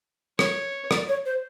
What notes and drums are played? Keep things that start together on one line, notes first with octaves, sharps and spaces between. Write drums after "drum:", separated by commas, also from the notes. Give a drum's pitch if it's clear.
C#5, drum: rim click
D5, drum: rim click
C#5
C5